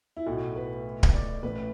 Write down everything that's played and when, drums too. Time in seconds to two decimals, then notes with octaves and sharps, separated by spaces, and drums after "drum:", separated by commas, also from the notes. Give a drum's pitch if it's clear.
0.17 E4
0.26 B1 A2 A3 F#4
0.56 B4
1.03 drum: kick D1
1.14 D5
1.43 A1 A2 A3 B4